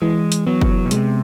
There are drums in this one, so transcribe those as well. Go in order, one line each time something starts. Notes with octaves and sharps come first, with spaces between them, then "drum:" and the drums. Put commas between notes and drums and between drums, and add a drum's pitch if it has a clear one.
E3 G#3
drum: hi-hat
F#3 B3
drum: kick
B2
C3 G#3, drum: hi-hat